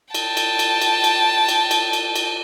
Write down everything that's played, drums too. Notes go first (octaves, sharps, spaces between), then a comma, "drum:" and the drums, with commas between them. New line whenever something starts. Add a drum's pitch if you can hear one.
G5 A5, drum: cymbal
drum: cymbal
drum: cymbal
drum: cymbal
drum: cymbal
drum: cymbal
drum: cymbal
drum: cymbal
drum: cymbal